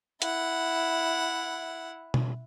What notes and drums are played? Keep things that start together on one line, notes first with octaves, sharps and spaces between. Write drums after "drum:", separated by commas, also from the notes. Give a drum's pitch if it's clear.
E4 F#5, drum: hi-hat
drum: tom B2